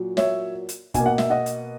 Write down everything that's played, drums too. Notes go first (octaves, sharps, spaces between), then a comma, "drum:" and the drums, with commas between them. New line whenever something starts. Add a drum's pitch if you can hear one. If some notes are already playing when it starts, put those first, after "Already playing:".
Already playing: A#2 F#3
C#5 E5, drum: snare
drum: hi-hat
B2 A#3 G#5, drum: kick, hi-hat
F#5
E5, drum: snare
D#5 F#5
drum: hi-hat